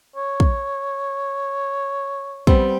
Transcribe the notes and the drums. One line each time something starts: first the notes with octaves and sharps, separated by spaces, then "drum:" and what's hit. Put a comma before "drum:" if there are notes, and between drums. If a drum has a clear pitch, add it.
C#5
drum: kick
G3 B3 C4, drum: kick